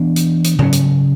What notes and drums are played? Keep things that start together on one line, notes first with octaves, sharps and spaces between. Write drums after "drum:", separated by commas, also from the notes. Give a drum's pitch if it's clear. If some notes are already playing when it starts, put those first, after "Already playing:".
Already playing: E3 B3 D4
drum: hi-hat
drum: hi-hat
C#3 F#3 C#4, drum: tom G#2
drum: hi-hat